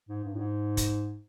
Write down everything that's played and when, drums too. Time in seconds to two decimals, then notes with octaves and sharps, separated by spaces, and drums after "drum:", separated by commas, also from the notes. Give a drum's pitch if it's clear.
0.09 G#2
0.24 G2
0.35 A2
0.39 G#2
0.77 drum: kick, hi-hat